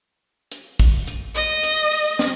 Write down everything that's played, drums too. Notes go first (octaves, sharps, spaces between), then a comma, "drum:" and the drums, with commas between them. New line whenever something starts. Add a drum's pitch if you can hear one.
drum: hi-hat
drum: kick, open hi-hat
drum: hi-hat
D#5, drum: hi-hat
drum: hi-hat
drum: open hi-hat
drum: snare